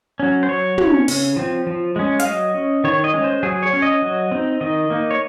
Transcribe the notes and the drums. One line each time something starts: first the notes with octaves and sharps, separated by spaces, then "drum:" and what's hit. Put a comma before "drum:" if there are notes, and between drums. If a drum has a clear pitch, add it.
F#3 C#4
C5
F#3 C#5
C#4, drum: tom
C#3, drum: open hi-hat
F3 C4
F3
G#3 C#4
F5, drum: hi-hat
F#3 D#5
C#4
D#3 C#5
D#5
G#3 C#4
C5
F#3 G#4
C#5
C#4
D#5
F#3
C4 D#4
D#3 D#5
A#3 D#4
C#5